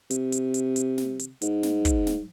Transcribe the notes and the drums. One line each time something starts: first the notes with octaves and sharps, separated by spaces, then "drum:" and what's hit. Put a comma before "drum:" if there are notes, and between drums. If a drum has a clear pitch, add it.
C3, drum: hi-hat
drum: hi-hat
drum: hi-hat
drum: hi-hat
drum: snare
drum: hi-hat
G#2, drum: hi-hat
drum: snare
drum: kick, hi-hat
drum: snare